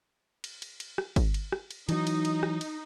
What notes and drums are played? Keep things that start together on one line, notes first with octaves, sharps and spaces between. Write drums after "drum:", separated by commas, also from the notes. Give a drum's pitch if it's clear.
drum: cymbal
drum: cymbal
drum: cymbal
drum: rim click
drum: kick, cymbal
drum: cymbal
drum: rim click
drum: cymbal
E3 F#3 D#4, drum: cymbal
drum: cymbal
drum: cymbal
drum: rim click
drum: cymbal